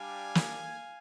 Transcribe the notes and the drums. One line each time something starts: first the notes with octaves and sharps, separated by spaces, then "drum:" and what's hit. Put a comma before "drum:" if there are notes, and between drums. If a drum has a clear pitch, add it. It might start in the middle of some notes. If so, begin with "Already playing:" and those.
Already playing: G3 D4 G4 F5 G#5
drum: snare